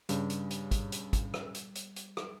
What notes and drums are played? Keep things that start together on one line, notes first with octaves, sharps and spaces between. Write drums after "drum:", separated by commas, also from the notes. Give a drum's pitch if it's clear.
G2 C#3 G3, drum: hi-hat
drum: hi-hat
drum: hi-hat
drum: kick, hi-hat
drum: hi-hat
drum: kick, hi-hat
drum: rim click
drum: hi-hat
drum: hi-hat
drum: hi-hat
drum: rim click